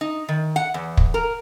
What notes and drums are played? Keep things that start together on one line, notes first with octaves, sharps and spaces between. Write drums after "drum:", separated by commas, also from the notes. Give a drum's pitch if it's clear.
D#4
D#3
F#5
E2
drum: kick
A#4